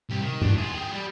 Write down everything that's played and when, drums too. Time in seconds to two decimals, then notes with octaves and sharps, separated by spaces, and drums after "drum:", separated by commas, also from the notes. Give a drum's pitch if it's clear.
0.10 C2 G4
0.22 D#3
0.42 D4 F#4, drum: tom G2
0.58 F4 G#4
0.75 G4 G#4
0.92 G3